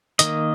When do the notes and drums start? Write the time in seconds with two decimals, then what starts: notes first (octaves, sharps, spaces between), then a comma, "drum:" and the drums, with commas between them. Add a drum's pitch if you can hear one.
0.19 D#3 A#3 D#5, drum: hi-hat